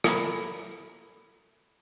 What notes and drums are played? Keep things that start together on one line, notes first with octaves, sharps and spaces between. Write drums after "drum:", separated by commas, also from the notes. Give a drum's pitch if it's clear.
A4 A#4 E5 A#5 B5, drum: rim click